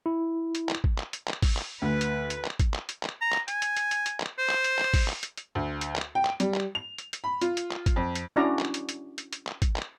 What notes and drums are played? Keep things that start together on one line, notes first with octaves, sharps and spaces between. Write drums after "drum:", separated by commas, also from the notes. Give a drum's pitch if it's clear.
E4
drum: hi-hat
drum: clap
drum: kick G#1
drum: clap
drum: hi-hat
drum: clap
drum: kick G#1, open hi-hat
drum: clap
D2 B4
drum: hi-hat
drum: hi-hat
drum: clap
drum: kick G#1, hi-hat
drum: clap
drum: hi-hat
drum: clap
A#5
drum: clap
G#5, drum: hi-hat
drum: hi-hat
drum: hi-hat
drum: hi-hat
drum: hi-hat
drum: clap
C5
drum: clap
drum: hi-hat
drum: clap
drum: kick G#1, open hi-hat
drum: clap
drum: hi-hat
drum: hi-hat
D2
drum: hi-hat
drum: clap
G5
drum: clap
G3, drum: hi-hat
drum: clap
F7
drum: hi-hat
drum: hi-hat
B5
F4, drum: hi-hat
drum: hi-hat
drum: clap
drum: kick G#1, hi-hat
F2
drum: hi-hat
C#4 D4 E4 F#4 D5 A#5
drum: clap
drum: hi-hat
drum: hi-hat
drum: hi-hat
drum: hi-hat
drum: clap
drum: kick G#1, hi-hat
drum: clap